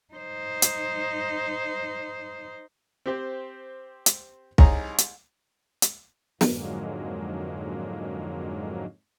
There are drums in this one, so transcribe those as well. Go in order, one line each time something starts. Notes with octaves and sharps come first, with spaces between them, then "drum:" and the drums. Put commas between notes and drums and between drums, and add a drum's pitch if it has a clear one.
D#4 C5
drum: hi-hat
C4 G4 C5
drum: hi-hat
C2 D#4 G#4 C#5 A#5, drum: kick
drum: hi-hat
drum: hi-hat
F2 G#2 D3 F#3 G#3 A#3, drum: snare